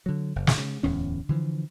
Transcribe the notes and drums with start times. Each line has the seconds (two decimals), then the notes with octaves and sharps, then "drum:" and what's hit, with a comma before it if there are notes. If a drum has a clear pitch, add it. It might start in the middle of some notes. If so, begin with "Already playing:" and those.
0.06 D3 F#3
0.36 F#1
0.47 drum: snare
0.58 C#3
0.83 D1 E2 C#4
1.29 D3 E3 F3